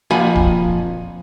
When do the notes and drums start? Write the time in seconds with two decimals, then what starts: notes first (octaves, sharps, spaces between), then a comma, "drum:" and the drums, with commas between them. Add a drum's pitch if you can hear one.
0.11 F2 A#2 F3 F#5 G#5 B5
0.35 drum: kick D1